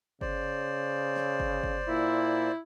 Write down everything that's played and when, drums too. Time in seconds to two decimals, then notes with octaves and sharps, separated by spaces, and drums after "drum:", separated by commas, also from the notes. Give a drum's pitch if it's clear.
0.21 C#3 C5 D5, drum: kick G1
1.16 drum: snare
1.40 drum: kick G1
1.63 drum: kick G1
1.88 A#2 E4